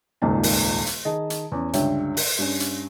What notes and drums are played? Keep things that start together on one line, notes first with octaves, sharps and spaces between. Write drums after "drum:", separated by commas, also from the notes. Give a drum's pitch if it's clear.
D#1 G#1 C#2 A#2 D#3 A5
drum: open hi-hat
drum: hi-hat
D#3 G#4 D#5 A5
drum: hi-hat
E2 C#4
C#2 G2 D3 C#5 E5 G5, drum: hi-hat
drum: open hi-hat
G2 C#4
drum: hi-hat